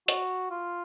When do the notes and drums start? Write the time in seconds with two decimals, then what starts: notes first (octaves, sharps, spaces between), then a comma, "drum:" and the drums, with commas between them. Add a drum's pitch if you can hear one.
0.08 F#4, drum: hi-hat
0.51 F4